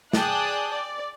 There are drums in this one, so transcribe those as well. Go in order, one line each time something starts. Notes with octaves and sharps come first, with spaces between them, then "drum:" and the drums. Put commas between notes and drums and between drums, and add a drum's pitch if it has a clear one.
G#4 D5 G5 A5 D#6 F#6, drum: snare
D5